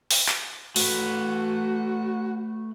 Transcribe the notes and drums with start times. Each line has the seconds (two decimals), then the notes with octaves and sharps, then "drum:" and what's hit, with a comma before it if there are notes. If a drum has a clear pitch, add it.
0.11 drum: open hi-hat
0.29 drum: clap
0.76 A3 F#4 B4, drum: open hi-hat